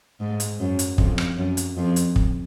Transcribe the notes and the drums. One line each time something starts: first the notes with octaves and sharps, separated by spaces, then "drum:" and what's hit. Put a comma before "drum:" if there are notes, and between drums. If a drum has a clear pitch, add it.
G#2
drum: hi-hat
F#2
drum: hi-hat
F2, drum: kick
drum: rim click
F#2
drum: hi-hat
F2
drum: hi-hat
drum: kick